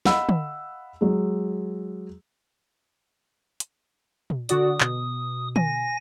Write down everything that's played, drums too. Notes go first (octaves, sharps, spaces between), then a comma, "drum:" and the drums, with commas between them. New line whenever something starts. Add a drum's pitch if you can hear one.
D#5 F5 F#5 B5 E6, drum: snare
drum: tom
F#3 G#3
drum: hi-hat
drum: tom A#2
D3 F#4 D5 D#6, drum: hi-hat
B2, drum: clap
G#5 A#6, drum: tom